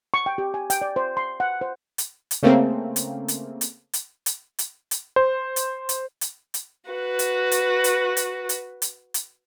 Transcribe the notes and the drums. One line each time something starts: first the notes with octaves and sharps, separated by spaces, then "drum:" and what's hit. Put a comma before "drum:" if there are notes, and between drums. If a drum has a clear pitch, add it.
C#6
G5
G4
G#5
G5, drum: hi-hat
D5
C5
C6
F#5
C5
drum: hi-hat
drum: hi-hat
C#3 A3 A#3 C4
drum: hi-hat
drum: hi-hat
drum: hi-hat
drum: hi-hat
drum: hi-hat
drum: hi-hat
drum: hi-hat
C5
drum: hi-hat
drum: hi-hat
drum: hi-hat
drum: hi-hat
F#4 B4
drum: hi-hat
drum: hi-hat
drum: hi-hat
drum: hi-hat
drum: hi-hat
drum: hi-hat
drum: hi-hat